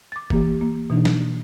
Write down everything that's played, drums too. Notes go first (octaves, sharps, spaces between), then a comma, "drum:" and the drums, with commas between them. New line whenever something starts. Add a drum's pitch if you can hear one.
D6 A6
E3 A#3 G4, drum: kick
A#3
B2 E3 D4 D#4
drum: snare